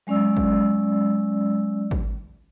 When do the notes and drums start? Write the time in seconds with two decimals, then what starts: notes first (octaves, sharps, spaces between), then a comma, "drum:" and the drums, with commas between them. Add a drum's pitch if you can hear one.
0.07 F#3 G#3 C#4 D5 E6
0.37 drum: kick
1.91 drum: kick